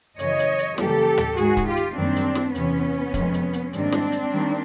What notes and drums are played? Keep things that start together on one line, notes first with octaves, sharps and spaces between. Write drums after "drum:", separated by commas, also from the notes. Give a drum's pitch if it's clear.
F#2 C#3 E3 C#5 D#5, drum: hi-hat
drum: hi-hat
drum: hi-hat
F#2 C#3 E3 G3 A#3 G4 A4, drum: snare
drum: tom
G#2 D#3 G#3 F#4 G#4, drum: hi-hat
drum: kick, hi-hat
F4 G4
drum: hi-hat
F#2 D#3 G3 A#3 C4 D4
drum: hi-hat
drum: snare
E2 C3 E3 B3 C#4, drum: hi-hat
F2 C3 D#3 G#3, drum: kick, hi-hat
drum: hi-hat
drum: hi-hat
G#2 D#3 G3 A#3 C4 D4, drum: hi-hat
drum: snare
drum: hi-hat
D#3 G3 A#3